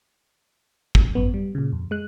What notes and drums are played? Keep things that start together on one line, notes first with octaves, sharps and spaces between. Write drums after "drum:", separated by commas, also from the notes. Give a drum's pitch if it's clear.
drum: kick
G#1 F#2 B3
G3
A#2 C#3
F2
G#3 F#6